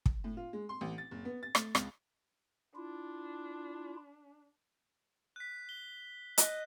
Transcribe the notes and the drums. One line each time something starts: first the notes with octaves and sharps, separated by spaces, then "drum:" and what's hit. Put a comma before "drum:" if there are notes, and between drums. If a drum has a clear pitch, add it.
drum: kick
A2
F4
G#3
C6
A1
A6
F#1
B3
A6
A3, drum: rim click
C#2, drum: rim click
D4 E4 F4
F#6 B6
G7
D#5 F#6, drum: hi-hat